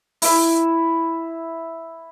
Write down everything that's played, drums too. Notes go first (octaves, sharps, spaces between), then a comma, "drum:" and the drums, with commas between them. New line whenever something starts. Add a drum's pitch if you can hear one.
E4 E5, drum: open hi-hat